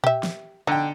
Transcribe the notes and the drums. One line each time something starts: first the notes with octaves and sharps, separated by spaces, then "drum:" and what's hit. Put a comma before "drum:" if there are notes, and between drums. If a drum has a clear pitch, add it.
G4 E5, drum: tom A#2
drum: snare
D3 D#4 G5